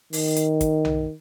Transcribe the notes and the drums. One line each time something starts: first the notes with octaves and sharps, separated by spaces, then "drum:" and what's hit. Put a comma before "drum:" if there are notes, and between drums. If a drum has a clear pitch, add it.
D#3, drum: open hi-hat
drum: hi-hat
drum: kick, hi-hat
drum: tom B1